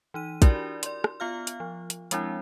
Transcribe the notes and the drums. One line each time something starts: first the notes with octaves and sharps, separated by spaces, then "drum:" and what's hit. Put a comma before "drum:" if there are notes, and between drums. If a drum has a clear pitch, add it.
E3 D#4 D#7
D4 E4 F#4 G4 A#4 D5, drum: kick, hi-hat
D5 C6, drum: hi-hat
drum: rim click
B3 F4 F5 F6
drum: hi-hat
F3
drum: hi-hat
F3 G#3 C4 D4 E4, drum: hi-hat